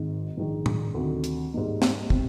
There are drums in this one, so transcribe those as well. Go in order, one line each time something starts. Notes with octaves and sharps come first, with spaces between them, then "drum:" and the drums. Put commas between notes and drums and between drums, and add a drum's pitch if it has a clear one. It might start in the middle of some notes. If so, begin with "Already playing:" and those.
Already playing: G#1 G#2 D#3
A#1 G#2 D#3 G#3 D#4
drum: tom A2
D2 C3 D#3
drum: hi-hat
G#2 G3 A#3 D#4
drum: snare
C3 G3 C4, drum: kick